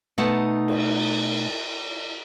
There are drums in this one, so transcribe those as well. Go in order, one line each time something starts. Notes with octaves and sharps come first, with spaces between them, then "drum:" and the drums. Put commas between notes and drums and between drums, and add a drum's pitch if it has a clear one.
B2 A3 D#4 F#5 A5
drum: cymbal